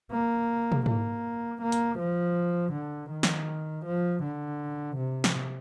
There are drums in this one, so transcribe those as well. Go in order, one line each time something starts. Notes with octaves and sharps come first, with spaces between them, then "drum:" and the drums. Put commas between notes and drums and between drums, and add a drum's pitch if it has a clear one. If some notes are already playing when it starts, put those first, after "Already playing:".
A#3
drum: tom
A#3, drum: tom G#2
A#3
drum: hi-hat
F3
D3
D#3
drum: snare
F3
D3
C3
drum: snare